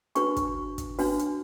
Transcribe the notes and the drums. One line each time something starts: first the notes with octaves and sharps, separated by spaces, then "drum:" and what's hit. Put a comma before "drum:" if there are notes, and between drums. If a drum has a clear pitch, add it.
D4 F#4 B4 C#6, drum: hi-hat
drum: kick, hi-hat
drum: kick, hi-hat
D4 F#4 B4, drum: open hi-hat
drum: hi-hat